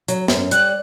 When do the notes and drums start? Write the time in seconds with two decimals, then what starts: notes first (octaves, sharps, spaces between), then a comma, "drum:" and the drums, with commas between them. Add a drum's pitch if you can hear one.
0.08 F#3, drum: hi-hat
0.28 F#2, drum: snare
0.51 G3 F#6, drum: hi-hat